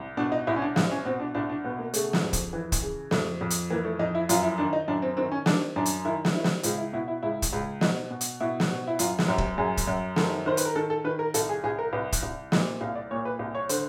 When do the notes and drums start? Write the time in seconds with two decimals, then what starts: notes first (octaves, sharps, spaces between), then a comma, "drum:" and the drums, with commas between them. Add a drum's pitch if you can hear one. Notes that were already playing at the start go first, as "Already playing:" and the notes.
Already playing: C2
0.17 B2 D4
0.32 D#4
0.47 C2 E4
0.56 C#4
0.62 D4
0.76 C2, drum: snare
0.91 C#4
1.05 B2 C4
1.20 D4
1.35 C2 D4
1.49 D4
1.64 B2 B3
1.79 A#3
1.94 C#3 A3, drum: hi-hat
2.13 drum: snare
2.23 F2
2.33 drum: kick, hi-hat
2.53 E3
2.72 drum: kick, hi-hat
2.82 C#3
3.11 F2 A3, drum: snare
3.41 F2
3.50 drum: hi-hat
3.70 E3 A#3
3.85 A3
3.99 F2 D#4
4.15 E4
4.29 F#2 F4, drum: hi-hat
4.43 E4
4.58 D#3 D4
4.73 D#4
4.88 F#2 D4
5.02 C4
5.17 D#3 C4
5.32 C#4
5.46 D#3 D4, drum: snare
5.76 F#2 D4
5.86 drum: hi-hat
6.05 D#3 E4
6.25 drum: snare
6.35 D#3 E4
6.44 drum: snare
6.63 C#2 F4, drum: hi-hat
6.78 E4
6.93 B2 E4
7.08 E4
7.23 C#2 E4
7.42 drum: kick, hi-hat
7.53 C#2
7.81 B2 D#4, drum: snare
8.11 B2
8.21 drum: hi-hat
8.40 B2 E4
8.60 drum: snare
8.70 B2
8.87 E4
8.99 F#2 F4, drum: hi-hat
9.19 drum: snare
9.28 F#2 G4
9.38 drum: kick
9.58 F#2 G#4
9.77 drum: kick, hi-hat
9.87 F#2
10.16 D#3 A4, drum: snare
10.46 D#3 C5
10.57 B4, drum: hi-hat
10.65 A#4
10.75 D#3 A4
10.90 A4
11.05 D#3 B4
11.19 A#4
11.34 C2 A4, drum: hi-hat
11.49 G#4
11.64 C2 G#4
11.79 A#4
11.93 C2 B4
12.12 drum: kick, hi-hat
12.23 C2
12.52 A#2 D#5, drum: snare
12.81 C2 F5
12.95 D5
13.11 A#2 C#5
13.25 B4
13.39 C2
13.55 C#5
13.69 D3 C5, drum: hi-hat